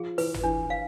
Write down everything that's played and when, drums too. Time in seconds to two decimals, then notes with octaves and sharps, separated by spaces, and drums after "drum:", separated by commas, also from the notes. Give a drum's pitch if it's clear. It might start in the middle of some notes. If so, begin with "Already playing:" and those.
Already playing: F3 G#4
0.18 E3 B4, drum: open hi-hat
0.34 drum: tom
0.43 E3 D4
0.70 F5